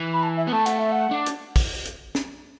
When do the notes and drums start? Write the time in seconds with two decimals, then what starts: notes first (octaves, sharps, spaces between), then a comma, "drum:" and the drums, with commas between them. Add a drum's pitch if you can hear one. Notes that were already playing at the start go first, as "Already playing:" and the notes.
Already playing: E3
0.13 B5
0.23 A5
0.37 E5
0.47 B3
0.52 A3 A5
0.66 F#5, drum: hi-hat
0.79 E5
0.92 F#5
1.11 D4
1.26 drum: hi-hat
1.56 drum: kick, open hi-hat
1.85 drum: hi-hat
2.15 drum: snare